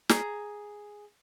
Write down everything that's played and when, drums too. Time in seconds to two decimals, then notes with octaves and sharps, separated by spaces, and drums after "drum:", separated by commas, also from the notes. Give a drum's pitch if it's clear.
0.09 G#4 A#5, drum: snare